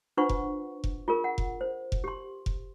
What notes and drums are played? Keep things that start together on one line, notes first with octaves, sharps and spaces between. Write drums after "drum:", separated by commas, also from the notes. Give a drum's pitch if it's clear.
D4 F4 B4 C5 F#5 C#6
drum: kick F1
drum: kick F1
F4 G#4 A#4
F#5
drum: kick F1
C5
drum: kick F1
G4 C6
drum: kick F1